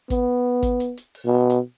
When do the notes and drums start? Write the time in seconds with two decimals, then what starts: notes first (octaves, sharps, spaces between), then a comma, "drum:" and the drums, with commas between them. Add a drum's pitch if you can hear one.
0.10 B3, drum: kick, hi-hat
0.62 drum: kick, hi-hat
0.80 drum: hi-hat
0.97 drum: hi-hat
1.15 drum: open hi-hat
1.26 B2
1.50 drum: hi-hat